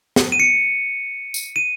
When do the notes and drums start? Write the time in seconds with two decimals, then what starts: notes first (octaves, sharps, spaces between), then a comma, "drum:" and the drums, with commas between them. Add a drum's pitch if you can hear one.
0.16 drum: snare
0.32 D#7
0.40 C#7
1.34 drum: tambourine
1.56 D#7